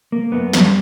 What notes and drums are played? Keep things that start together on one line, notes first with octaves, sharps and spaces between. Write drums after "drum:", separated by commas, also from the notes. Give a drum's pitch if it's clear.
A#3
F#2 B3
G3, drum: snare